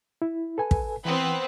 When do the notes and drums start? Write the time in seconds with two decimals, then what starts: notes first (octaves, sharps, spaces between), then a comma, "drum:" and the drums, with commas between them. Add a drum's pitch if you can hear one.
0.22 E4
0.58 A4 B4 G#5
0.71 drum: kick
1.05 E3 B3 C4 B4